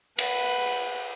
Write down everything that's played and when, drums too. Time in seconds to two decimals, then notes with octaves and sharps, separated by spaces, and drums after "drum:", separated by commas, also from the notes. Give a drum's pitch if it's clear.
0.19 B4 F#5, drum: cymbal